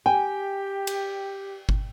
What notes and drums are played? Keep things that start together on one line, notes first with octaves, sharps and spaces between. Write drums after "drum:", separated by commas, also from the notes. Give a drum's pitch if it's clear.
G4 G5 G#5
drum: cymbal
drum: kick G1